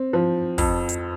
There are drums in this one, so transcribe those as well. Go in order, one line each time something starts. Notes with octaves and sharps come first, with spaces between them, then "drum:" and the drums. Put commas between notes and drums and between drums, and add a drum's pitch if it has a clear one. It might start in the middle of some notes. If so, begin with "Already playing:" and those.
Already playing: C4
F3
F2, drum: kick, open hi-hat
drum: hi-hat